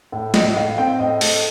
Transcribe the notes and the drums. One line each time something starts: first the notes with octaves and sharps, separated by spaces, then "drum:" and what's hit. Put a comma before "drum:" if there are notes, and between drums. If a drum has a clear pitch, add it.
A2
A2 D#5, drum: snare
D#5
A2 F5
C4 G5
A2 D#5
A3 D#5, drum: open hi-hat